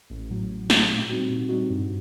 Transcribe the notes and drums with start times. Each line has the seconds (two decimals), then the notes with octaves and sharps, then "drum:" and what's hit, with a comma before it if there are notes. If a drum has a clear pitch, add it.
0.10 A1
0.30 A2 F#3
0.50 A1
0.70 A2 F#3, drum: snare
0.90 A#2
1.10 G3 C4 D#4 F#4
1.30 A#2
1.49 G3 C4 D#4 F#4
1.70 G2